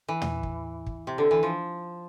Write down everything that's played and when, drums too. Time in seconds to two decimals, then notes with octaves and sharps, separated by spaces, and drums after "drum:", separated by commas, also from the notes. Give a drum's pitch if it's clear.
0.08 E3
0.22 drum: tom
0.43 drum: kick
0.87 drum: kick
1.07 C3
1.18 D3
1.31 E3
1.43 F3